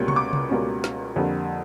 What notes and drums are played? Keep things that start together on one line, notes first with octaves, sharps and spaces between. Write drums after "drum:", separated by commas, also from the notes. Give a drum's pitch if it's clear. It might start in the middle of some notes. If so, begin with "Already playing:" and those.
Already playing: C#2 B2 G3 A#3 C#4
C#6, drum: tom C3
D6
drum: tom C3
C#2 B2 G3 A#3 C#4
drum: snare
F2 D3 G3 A#3